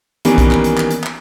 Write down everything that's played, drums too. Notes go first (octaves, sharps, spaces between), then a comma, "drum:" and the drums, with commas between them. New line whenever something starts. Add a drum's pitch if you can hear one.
D#3 E3 G3 A#3 B3 C#4, drum: hi-hat
drum: kick, hi-hat
drum: clap
drum: hi-hat
drum: clap
drum: hi-hat
drum: clap